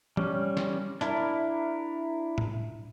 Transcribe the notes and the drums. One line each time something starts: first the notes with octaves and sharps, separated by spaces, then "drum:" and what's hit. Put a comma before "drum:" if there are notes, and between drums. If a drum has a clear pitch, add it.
G3 C#4, drum: tom E3
drum: snare
D4 E4 A#4, drum: hi-hat
drum: tom A2